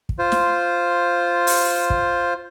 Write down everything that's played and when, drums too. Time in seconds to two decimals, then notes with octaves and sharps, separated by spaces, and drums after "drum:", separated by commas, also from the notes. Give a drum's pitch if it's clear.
0.09 drum: kick
0.19 F4 C5
0.32 drum: snare
1.47 drum: open hi-hat
1.90 drum: kick